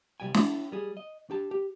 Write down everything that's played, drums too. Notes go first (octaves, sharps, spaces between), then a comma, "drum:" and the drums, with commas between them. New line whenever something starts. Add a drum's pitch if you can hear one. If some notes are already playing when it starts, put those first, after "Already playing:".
C2 F2 G3 G5 G#5
E4, drum: snare
G3 G#4
D#5
D4 G4 A5
G4